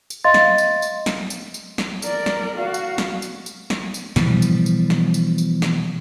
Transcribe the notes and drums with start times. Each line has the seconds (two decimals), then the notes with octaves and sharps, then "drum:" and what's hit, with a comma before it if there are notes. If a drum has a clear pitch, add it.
0.10 drum: tambourine
0.24 D#5 F5 C6 A6
0.34 drum: snare
0.58 drum: tambourine
0.82 drum: tambourine
1.06 drum: snare
1.30 drum: tambourine
1.54 drum: tambourine
1.78 drum: snare
2.02 A#4 D5, drum: tambourine
2.26 drum: snare
2.57 F#4 F5
2.74 drum: tambourine
2.98 drum: snare
3.22 drum: tambourine
3.46 drum: tambourine
3.70 drum: snare
3.94 drum: tambourine
4.16 B2 E3 F3 G3, drum: snare
4.42 drum: tambourine
4.66 drum: tambourine
4.90 drum: snare
5.14 drum: tambourine
5.38 drum: tambourine
5.62 drum: snare